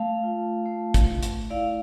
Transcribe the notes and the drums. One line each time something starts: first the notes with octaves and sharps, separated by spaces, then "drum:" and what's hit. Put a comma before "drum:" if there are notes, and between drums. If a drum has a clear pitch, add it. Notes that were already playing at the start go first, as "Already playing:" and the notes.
Already playing: A3 F5 A5
F4
A3
drum: kick, hi-hat
A3
drum: hi-hat
E4 D5 F5